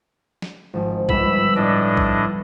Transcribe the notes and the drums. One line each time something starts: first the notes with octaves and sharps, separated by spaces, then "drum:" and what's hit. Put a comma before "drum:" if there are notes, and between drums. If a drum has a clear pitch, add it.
drum: snare
G#1 F3
G1 B5 E6, drum: kick
A2 D4 D5 D#5
drum: kick